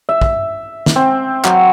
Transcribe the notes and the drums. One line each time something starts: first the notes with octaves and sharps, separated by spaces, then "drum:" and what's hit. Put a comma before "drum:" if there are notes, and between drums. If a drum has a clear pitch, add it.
E5
drum: kick
drum: snare
C4
F#3, drum: clap